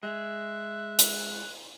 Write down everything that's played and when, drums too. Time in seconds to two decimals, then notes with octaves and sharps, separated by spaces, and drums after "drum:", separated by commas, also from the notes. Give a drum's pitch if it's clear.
0.03 G#3 E5 F#6
0.99 drum: hi-hat